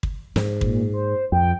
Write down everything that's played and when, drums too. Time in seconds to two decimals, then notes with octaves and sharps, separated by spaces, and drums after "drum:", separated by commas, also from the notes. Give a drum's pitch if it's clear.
0.03 drum: kick
0.36 G#2, drum: snare
0.61 A#2, drum: kick
0.94 C5
1.32 F2 G5